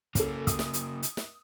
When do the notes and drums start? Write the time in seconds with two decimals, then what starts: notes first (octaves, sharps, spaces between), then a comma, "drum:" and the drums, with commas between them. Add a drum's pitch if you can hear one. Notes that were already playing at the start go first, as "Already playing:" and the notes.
0.15 C#3 A#3 C#4 A4, drum: kick, hi-hat
0.47 D#6 E6, drum: kick, hi-hat
0.59 drum: snare
0.73 drum: hi-hat
1.03 drum: hi-hat
1.17 drum: snare